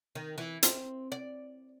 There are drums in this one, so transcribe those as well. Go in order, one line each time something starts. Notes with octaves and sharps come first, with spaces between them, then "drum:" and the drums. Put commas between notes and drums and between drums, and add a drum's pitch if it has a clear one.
D#3
E3
C4, drum: hi-hat
D5